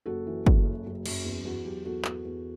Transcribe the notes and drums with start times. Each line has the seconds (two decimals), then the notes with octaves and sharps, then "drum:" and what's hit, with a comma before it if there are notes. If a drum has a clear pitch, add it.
0.06 F#1 F#4 A4
0.27 E3
0.46 F#1, drum: kick
0.65 F#2
0.86 F#1
1.06 F#2, drum: cymbal
1.25 E2
1.45 E2 F#4
1.65 F#3 G4
1.85 E2 F#4 A4
2.05 E2, drum: clap
2.25 E2